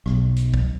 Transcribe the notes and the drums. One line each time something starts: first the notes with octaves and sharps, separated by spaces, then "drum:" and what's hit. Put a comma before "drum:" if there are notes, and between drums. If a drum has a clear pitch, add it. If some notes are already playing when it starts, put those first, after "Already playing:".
B1, drum: rim click
drum: hi-hat
drum: kick